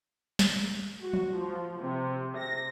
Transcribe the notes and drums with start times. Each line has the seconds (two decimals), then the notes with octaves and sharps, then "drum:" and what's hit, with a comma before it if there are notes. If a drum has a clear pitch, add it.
0.39 drum: snare
1.01 F#4
1.13 drum: tom F3
1.33 F3
1.79 C3
2.37 A#6